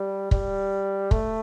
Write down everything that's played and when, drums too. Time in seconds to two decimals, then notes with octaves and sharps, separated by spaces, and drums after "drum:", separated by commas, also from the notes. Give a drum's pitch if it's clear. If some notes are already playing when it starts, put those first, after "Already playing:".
Already playing: G3
0.31 G3, drum: kick
1.11 A3, drum: kick